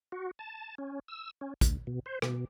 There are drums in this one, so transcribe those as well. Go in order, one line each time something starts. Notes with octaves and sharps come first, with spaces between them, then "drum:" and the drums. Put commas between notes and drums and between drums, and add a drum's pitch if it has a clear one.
F#4
A5
C#4
E6
C#4
D2, drum: kick, hi-hat
B2
C5
B2, drum: rim click